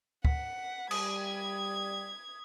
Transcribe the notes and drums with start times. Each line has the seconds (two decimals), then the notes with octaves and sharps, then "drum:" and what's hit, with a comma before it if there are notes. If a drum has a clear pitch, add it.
0.25 F#5 B6, drum: kick
0.91 G3 D#6 G#6, drum: cymbal